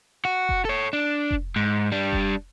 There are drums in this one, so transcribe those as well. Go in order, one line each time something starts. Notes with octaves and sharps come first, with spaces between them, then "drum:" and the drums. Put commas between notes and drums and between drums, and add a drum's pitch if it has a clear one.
F#4
drum: kick F1
A4 C#5
D4
drum: kick F1
G#2
G3 D4
drum: kick F1